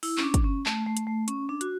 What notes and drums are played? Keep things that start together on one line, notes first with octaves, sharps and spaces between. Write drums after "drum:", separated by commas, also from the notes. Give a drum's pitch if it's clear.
E4, drum: open hi-hat
C#4, drum: clap
D4
drum: kick, hi-hat
C#4
A3, drum: clap
A3
drum: hi-hat
A3
C#4, drum: hi-hat
D4
F#4, drum: hi-hat